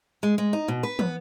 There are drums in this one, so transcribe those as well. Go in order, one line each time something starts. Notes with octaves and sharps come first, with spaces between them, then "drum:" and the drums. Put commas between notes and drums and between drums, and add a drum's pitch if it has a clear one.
G#3
G#3
D#4
B2
B4
B3, drum: tom